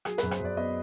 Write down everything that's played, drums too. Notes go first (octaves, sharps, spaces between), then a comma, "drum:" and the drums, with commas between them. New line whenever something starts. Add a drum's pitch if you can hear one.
F#3 G#4, drum: rim click
F#2 B4, drum: hi-hat
C5, drum: rim click
F#2 D5
B3 D#5